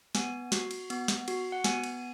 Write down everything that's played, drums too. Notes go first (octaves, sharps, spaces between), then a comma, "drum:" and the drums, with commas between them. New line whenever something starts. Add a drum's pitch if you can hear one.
B3 G#5, drum: snare
F#4, drum: snare
drum: cymbal
B3, drum: cymbal
drum: snare
F#4, drum: cymbal
F#5
B3 G#5, drum: snare
drum: cymbal